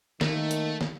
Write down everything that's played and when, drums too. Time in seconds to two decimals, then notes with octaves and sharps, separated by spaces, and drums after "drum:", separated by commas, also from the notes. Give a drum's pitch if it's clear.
0.21 D#3 A3 A#3, drum: snare
0.51 drum: hi-hat
0.81 drum: snare